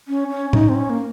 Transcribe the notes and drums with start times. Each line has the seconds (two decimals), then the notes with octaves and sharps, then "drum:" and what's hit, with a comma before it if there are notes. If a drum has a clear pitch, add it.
0.08 C#4
0.30 C#4
0.53 D#4, drum: tom
0.69 C4
0.75 C#4
0.90 A#3